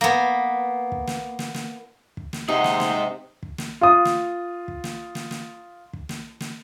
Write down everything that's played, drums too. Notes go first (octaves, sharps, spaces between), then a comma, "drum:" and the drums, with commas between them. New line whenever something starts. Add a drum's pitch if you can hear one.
A#3 B3
drum: kick
drum: snare
drum: snare
drum: snare
drum: kick
drum: snare
G#2 C3 D#4 G#4 F#5 C6
drum: snare
drum: snare
drum: kick
drum: snare
F4 D#6
drum: snare
drum: kick
drum: snare
drum: snare
drum: snare
drum: kick
drum: snare
drum: snare